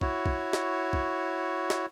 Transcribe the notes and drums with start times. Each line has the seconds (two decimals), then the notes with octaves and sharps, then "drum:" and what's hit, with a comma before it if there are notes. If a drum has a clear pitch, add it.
0.01 E4 F#4 C#5, drum: kick
0.26 drum: kick
0.53 drum: snare
0.93 drum: kick
1.70 drum: snare